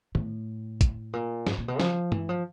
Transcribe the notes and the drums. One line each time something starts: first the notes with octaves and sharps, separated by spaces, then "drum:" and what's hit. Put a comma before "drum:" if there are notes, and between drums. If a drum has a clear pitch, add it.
A2, drum: tom
drum: kick, hi-hat
A#2
G#2, drum: snare
A#2
B2
F3, drum: snare
E3, drum: tom
F3